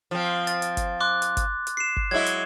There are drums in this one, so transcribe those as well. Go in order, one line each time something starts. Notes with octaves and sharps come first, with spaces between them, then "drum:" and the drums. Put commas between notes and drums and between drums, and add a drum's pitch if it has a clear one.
F3 C4
A6, drum: hi-hat
drum: hi-hat
drum: kick G1, hi-hat
C6 D6 F#6
drum: hi-hat
drum: kick G1, hi-hat
drum: hi-hat
C7 E7
drum: kick G1
F#3 G#3 E4 G#6
drum: hi-hat